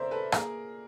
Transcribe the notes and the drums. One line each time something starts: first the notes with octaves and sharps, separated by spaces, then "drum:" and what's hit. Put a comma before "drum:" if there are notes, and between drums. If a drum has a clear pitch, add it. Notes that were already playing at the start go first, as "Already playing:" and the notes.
Already playing: F2 C#3 A3 A#4 C5 D5 E5
A4 B4
A#3 G#4 A#4, drum: rim click